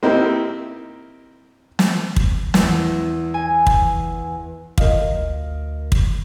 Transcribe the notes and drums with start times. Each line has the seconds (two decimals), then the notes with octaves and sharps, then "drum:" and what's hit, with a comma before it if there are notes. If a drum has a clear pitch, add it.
0.03 A#3 C4 D#4 E4 G4 A#4
1.79 drum: snare
2.16 drum: kick
2.54 E2, drum: snare
3.34 G#5
3.67 drum: kick
4.78 D2 A#4 D#5 F5, drum: kick
5.92 drum: kick